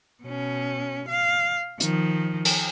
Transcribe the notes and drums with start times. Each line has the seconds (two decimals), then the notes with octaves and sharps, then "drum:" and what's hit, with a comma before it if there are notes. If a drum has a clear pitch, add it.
0.23 B2 C#4
1.08 F5
1.80 D#3 F3, drum: hi-hat
2.45 drum: cymbal